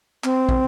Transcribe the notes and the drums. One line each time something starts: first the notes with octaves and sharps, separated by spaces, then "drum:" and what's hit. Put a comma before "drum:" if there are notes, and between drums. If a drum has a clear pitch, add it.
C4, drum: clap
drum: kick